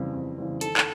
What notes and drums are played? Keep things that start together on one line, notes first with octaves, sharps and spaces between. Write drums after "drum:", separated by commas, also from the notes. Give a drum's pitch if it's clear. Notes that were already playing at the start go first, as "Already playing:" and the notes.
Already playing: F2 C#3 E3 G3 C4
F2
C#3 E3 G3 C4
D#3 A4, drum: hi-hat
drum: clap